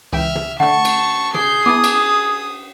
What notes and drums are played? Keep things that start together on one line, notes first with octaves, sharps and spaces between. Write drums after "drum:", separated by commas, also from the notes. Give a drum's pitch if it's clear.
C#2 E3 E5 G5 F6
drum: tom
D3 A3 F#5 A5 C#6
drum: cymbal
G#4 D6 G6 C7, drum: tom
B3 E4 A5 D6 D#6
drum: cymbal